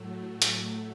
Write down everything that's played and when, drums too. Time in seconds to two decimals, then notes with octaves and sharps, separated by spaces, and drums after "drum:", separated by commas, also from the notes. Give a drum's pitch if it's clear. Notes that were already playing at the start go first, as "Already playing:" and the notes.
Already playing: A2 F#3 A3
0.42 A3, drum: hi-hat